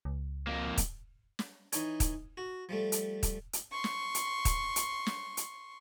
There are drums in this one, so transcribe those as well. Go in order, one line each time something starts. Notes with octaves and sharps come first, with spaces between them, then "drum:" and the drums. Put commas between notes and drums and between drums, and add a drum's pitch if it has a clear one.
C#2
F2 A#3
drum: kick, hi-hat
drum: snare
E3 D#4 C#5, drum: hi-hat
drum: kick, hi-hat
F#4
F3 G3 A3
drum: hi-hat
drum: kick, hi-hat
drum: hi-hat
C6 C#6
drum: snare
drum: hi-hat
drum: kick, hi-hat
drum: hi-hat
drum: snare
drum: hi-hat